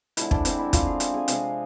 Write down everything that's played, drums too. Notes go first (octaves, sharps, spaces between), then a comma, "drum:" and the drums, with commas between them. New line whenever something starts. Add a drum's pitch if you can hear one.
D3 F3 G#3 E4, drum: hi-hat
D4, drum: kick
C4, drum: hi-hat
E4
F4, drum: kick, hi-hat
G#4
drum: hi-hat
G#4
C3 F3 G#3, drum: hi-hat